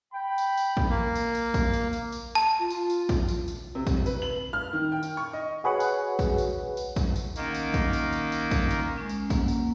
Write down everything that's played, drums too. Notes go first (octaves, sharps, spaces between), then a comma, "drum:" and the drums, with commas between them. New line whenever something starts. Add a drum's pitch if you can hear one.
G5 B5
drum: tambourine
drum: tambourine
drum: kick A#1
A#3
drum: tambourine
drum: tambourine
drum: kick A#1, tambourine
drum: tambourine
drum: tambourine
drum: tambourine
A5
F4
drum: tambourine
drum: tambourine
drum: kick A#1, tambourine
drum: tambourine
drum: tambourine
C3
drum: kick A#1, tambourine
B4, drum: tambourine
F#7
F6
D#3
G5
drum: tambourine
C#6
D#5
F#4 G#4 B4 C#5 F#5
drum: tambourine
drum: kick A#1, tambourine
drum: tambourine
drum: tambourine
drum: kick A#1, tambourine
drum: tambourine
D#3 A#3 C#4 F#5, drum: tambourine
drum: tambourine
drum: kick A#1, tambourine
drum: tambourine
drum: tambourine
drum: tambourine
drum: kick A#1, tambourine
drum: tambourine
G#3 C#4
drum: tambourine
A#3 F#5, drum: kick A#1, tambourine
drum: tambourine